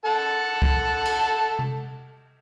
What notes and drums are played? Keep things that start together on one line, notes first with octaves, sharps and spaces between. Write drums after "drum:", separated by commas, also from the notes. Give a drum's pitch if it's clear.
A4 F#5 A5
drum: kick C2
drum: cymbal
drum: tom C3